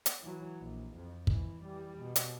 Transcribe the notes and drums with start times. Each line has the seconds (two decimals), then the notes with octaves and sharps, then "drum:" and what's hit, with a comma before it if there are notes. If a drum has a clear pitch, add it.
0.06 drum: hi-hat
0.22 E3 F#3
0.61 A#1
0.95 F2
1.27 E3, drum: kick
1.64 E3 G3
1.99 B2
2.16 drum: hi-hat